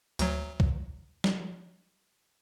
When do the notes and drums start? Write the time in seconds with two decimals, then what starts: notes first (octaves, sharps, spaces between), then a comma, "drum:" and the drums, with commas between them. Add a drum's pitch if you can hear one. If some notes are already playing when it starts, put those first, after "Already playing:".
0.19 D2 F#3, drum: hi-hat
0.60 drum: kick C2
1.24 drum: snare